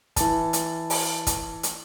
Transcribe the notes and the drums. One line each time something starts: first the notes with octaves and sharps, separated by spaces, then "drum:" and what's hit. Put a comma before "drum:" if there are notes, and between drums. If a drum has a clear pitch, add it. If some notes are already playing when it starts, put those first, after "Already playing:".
E3 A5, drum: kick, hi-hat
drum: hi-hat
drum: open hi-hat
drum: kick, hi-hat
drum: hi-hat